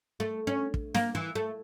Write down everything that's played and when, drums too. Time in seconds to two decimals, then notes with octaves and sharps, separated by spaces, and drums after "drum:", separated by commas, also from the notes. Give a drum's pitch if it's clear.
0.20 A3
0.47 C#4
0.74 drum: kick
0.95 A#3, drum: snare
1.15 E3
1.35 A3